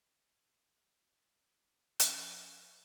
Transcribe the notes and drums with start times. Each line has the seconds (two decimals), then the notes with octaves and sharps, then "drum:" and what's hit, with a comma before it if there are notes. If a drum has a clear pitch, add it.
2.00 F3 C#4, drum: hi-hat